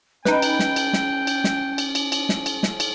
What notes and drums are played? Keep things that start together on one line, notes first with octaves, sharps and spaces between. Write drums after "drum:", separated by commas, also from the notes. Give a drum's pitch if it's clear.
C#4 D#4 B4 G5, drum: snare
drum: cymbal
drum: snare
drum: cymbal
drum: snare
drum: cymbal
drum: snare
drum: cymbal
drum: cymbal
drum: cymbal
drum: snare
drum: cymbal
drum: snare
drum: cymbal